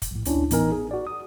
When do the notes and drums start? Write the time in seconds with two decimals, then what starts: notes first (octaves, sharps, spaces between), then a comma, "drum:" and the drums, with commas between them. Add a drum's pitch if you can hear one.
0.02 drum: kick, hi-hat
0.11 A#1 A2
0.25 D2 C#4 D4 E4, drum: hi-hat
0.51 A1 B3 D#4 A#4 G#5, drum: hi-hat
0.72 G#4
0.91 F#4 D5
1.07 D#6